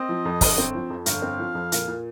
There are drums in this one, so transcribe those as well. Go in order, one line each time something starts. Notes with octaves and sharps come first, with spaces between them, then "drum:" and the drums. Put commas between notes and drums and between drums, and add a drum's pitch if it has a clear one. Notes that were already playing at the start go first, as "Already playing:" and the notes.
Already playing: C4 D#5
F3
F2
G1, drum: kick, open hi-hat
C4
F3
F2
G1 F5, drum: hi-hat
C4
F3
F2
A#2, drum: hi-hat
A#2